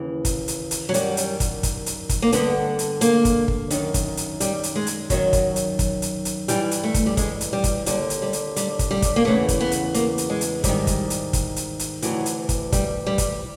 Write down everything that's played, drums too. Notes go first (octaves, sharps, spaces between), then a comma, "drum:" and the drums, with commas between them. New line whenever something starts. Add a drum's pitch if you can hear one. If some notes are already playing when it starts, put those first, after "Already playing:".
Already playing: D#2 C#3 E3
drum: kick, hi-hat
drum: hi-hat
drum: hi-hat
F#3
F#2 D#3 G3, drum: hi-hat
drum: hi-hat
drum: kick, hi-hat
drum: kick, hi-hat
drum: hi-hat
drum: kick, hi-hat
A#3
G2 D3 B3, drum: hi-hat
drum: hi-hat
A#3, drum: hi-hat
drum: kick, hi-hat
drum: kick
F#2 D#3, drum: hi-hat
drum: kick, hi-hat
drum: hi-hat
G3, drum: hi-hat
drum: hi-hat
G#3
drum: hi-hat
F#2 D#3 F#3, drum: kick, hi-hat
drum: kick, hi-hat
drum: hi-hat
drum: kick, hi-hat
drum: hi-hat
drum: hi-hat
G2 E3 G3, drum: hi-hat
drum: hi-hat
A3
drum: kick, hi-hat
G3
G#3, drum: kick, hi-hat
drum: hi-hat
G3
drum: kick, hi-hat
D#2 D3 G3, drum: hi-hat
drum: hi-hat
G3
drum: hi-hat
G3, drum: hi-hat
drum: kick, hi-hat
G3
drum: kick, hi-hat
A#3
E2 C#3 E3 A3
drum: kick, hi-hat
B3
drum: hi-hat
A#3, drum: hi-hat
drum: hi-hat
G#3
drum: hi-hat
G#2 D#3 G3, drum: kick, hi-hat
drum: kick, hi-hat
drum: hi-hat
drum: kick, hi-hat
drum: hi-hat
drum: hi-hat
D2 C3 E3 F#3, drum: hi-hat
drum: hi-hat
drum: kick, hi-hat
G3, drum: kick, hi-hat
G3
drum: kick, hi-hat